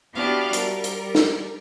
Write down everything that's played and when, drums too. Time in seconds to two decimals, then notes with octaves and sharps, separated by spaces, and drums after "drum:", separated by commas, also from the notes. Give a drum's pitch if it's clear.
0.13 B3 D4 E4 F#4 G4 F5
0.53 G3 A#4, drum: hi-hat
0.84 drum: hi-hat
1.15 drum: snare